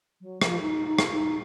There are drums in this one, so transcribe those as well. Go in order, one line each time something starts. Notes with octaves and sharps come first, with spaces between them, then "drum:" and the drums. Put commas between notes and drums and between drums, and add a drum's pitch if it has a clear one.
F#3
F3, drum: rim click
D#4
D#4
drum: rim click
D#4